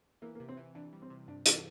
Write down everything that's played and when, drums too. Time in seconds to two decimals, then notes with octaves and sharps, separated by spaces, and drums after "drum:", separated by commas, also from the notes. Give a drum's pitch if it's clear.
0.22 E3 A#3
0.35 A#3
0.40 C3
0.49 C4
0.57 E3
0.75 E3 D4
0.93 G3
1.02 C4
1.10 C3
1.28 G2 D4
1.46 E3 A#3, drum: hi-hat